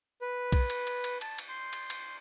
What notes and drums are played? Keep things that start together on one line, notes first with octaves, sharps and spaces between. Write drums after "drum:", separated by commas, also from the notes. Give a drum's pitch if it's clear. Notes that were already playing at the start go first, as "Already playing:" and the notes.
B4
drum: kick, cymbal
drum: cymbal
drum: cymbal
drum: cymbal
A5, drum: cymbal
drum: cymbal
C6 G6
drum: cymbal
drum: cymbal